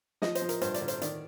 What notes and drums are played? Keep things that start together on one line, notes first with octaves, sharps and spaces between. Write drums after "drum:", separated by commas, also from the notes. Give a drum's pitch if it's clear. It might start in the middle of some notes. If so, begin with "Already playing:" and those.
F3 D#5, drum: snare
C5, drum: hi-hat
F3
A#4, drum: hi-hat
G2 C5, drum: hi-hat
D5, drum: hi-hat
D3
C5, drum: hi-hat
D#3 D5, drum: hi-hat